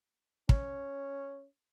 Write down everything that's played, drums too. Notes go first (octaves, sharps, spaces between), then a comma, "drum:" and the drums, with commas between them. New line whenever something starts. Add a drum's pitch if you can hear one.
C#4, drum: kick